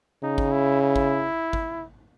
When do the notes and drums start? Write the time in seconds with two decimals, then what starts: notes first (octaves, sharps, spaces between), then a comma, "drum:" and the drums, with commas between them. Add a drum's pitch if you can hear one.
0.24 C#3 D#4
0.38 drum: kick G#1
0.52 E4
0.82 E4
0.96 drum: kick G#1
1.53 drum: kick G#1